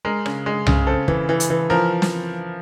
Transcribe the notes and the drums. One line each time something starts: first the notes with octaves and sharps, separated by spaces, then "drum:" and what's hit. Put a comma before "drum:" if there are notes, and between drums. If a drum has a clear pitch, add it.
G#3 A#4
C#3, drum: rim click
G#3
C#3, drum: tom C2
C4 A4
E3, drum: kick
E3
drum: hi-hat
E3
F3 A#4
drum: snare